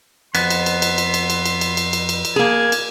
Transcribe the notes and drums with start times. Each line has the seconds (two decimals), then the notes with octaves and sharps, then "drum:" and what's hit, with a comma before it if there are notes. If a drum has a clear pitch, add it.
0.35 F2 B3 C6, drum: cymbal
0.50 drum: cymbal
0.66 drum: cymbal
0.82 drum: cymbal
0.98 drum: cymbal
1.14 drum: cymbal
1.30 drum: cymbal
1.46 drum: cymbal
1.61 drum: cymbal
1.77 drum: cymbal
1.93 drum: cymbal
2.09 drum: cymbal
2.25 drum: cymbal
2.36 A#3 G#4 G#6
2.72 drum: cymbal